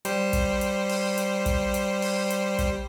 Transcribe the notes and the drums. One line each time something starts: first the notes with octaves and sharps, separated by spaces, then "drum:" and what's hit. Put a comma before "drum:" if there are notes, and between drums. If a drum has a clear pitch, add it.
G3 C5, drum: hi-hat
drum: kick, hi-hat
drum: hi-hat
drum: open hi-hat
drum: hi-hat
drum: kick, hi-hat
drum: hi-hat
drum: open hi-hat
drum: hi-hat
drum: kick, hi-hat